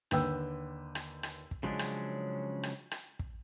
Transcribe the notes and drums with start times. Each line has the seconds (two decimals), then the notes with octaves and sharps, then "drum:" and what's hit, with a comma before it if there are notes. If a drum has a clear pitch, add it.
0.11 D#2 D3 B4 G5 E6, drum: rim click
0.95 drum: rim click
1.23 drum: rim click
1.51 drum: kick
1.63 C#3 F3 F#3 G#3 C#4 D4
1.79 drum: rim click
2.63 drum: rim click
2.91 drum: rim click
3.19 drum: kick